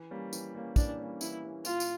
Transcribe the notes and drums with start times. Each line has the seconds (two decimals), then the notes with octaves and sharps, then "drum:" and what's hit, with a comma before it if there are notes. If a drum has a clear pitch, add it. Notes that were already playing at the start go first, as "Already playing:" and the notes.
Already playing: E3
0.11 G3 A#3 C#4
0.33 E3, drum: tambourine
0.54 G3 A#3 C#4
0.76 E3 D4, drum: kick, tambourine
0.99 G3 A#3 C#4
1.21 E3 E4, drum: tambourine
1.43 G3 A#3 C#4
1.65 A#2 F4, drum: tambourine
1.80 drum: tambourine